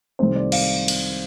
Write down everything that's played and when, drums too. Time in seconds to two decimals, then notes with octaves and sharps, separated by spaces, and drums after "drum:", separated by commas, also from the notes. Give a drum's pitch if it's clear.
0.19 C2 C3 D#3 A3 C4 C5
0.36 D5
0.52 D5 F5, drum: cymbal
0.88 drum: cymbal